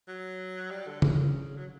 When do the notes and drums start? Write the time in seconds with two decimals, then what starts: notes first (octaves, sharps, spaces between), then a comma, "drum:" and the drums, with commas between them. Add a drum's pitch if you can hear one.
0.08 F#3
0.71 G3
0.87 D3
1.02 C#3, drum: tom C#3
1.56 F#3